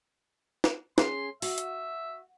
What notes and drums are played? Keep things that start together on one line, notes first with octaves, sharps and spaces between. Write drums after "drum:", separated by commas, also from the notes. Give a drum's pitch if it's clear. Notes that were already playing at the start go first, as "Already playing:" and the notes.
drum: snare
C#4 G#4 C6, drum: snare
F#4 E5, drum: open hi-hat
drum: hi-hat